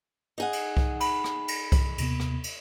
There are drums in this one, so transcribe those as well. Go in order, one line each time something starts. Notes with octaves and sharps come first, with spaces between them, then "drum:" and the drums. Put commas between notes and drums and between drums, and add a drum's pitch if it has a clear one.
D#4 G#4 F#5
drum: cymbal
drum: kick C2
B5, drum: cymbal
drum: rim click
drum: cymbal
drum: kick C2, cymbal
D#2 C3 B3, drum: cymbal
drum: rim click
drum: cymbal